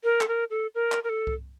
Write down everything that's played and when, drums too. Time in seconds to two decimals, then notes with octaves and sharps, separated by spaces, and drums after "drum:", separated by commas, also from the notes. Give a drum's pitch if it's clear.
0.04 A#4
0.21 A4, drum: clap
0.28 A#4
0.50 A4
0.75 A#4
0.92 drum: clap
1.04 A#4
1.09 A4
1.27 drum: kick C2